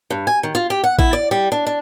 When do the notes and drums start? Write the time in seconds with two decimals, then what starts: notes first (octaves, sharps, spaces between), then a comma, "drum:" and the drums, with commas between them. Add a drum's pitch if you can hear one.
0.10 G2
0.27 G#5
0.43 D#3
0.55 F4
0.70 G4
0.84 F#5
0.99 E4, drum: kick A1
1.13 D5
1.31 G3
1.52 D4
1.67 D4